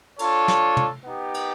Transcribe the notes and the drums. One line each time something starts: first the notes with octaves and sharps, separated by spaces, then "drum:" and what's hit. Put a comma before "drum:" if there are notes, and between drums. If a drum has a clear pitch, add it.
D4 F4 A4 C#5, drum: cymbal
drum: snare
drum: tom
B3 D#4 G4
drum: cymbal